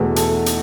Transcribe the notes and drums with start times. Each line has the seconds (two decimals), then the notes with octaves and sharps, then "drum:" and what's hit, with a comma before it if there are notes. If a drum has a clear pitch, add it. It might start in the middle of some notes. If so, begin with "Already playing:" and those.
Already playing: E2 B2 A3 B4
0.16 A4, drum: hi-hat
0.46 drum: hi-hat